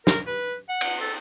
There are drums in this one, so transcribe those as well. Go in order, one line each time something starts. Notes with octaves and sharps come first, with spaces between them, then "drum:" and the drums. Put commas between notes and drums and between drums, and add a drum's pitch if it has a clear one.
A#4, drum: snare
B4
F#5
drum: cymbal
A4